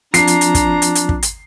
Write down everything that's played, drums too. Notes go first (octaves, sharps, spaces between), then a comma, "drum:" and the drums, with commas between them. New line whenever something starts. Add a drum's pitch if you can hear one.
F3 C4 D4 F4 A#5 C7, drum: hi-hat
drum: hi-hat
drum: hi-hat
drum: kick, hi-hat
drum: hi-hat
drum: hi-hat
drum: kick
drum: hi-hat